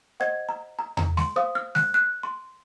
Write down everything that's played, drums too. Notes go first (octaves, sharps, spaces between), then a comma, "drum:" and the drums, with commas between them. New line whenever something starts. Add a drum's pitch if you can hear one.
C5 D#5 F#5 G#6
A#5
A#5
A#5, drum: tom E2
C6, drum: snare G#3
C5 F5 D#6
F6
F#6, drum: snare G#3
F#6
C6